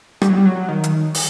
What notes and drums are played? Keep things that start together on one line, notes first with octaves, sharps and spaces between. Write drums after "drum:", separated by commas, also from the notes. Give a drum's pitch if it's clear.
G3, drum: rim click
F#3
G3
F#3
D#3
drum: hi-hat
drum: open hi-hat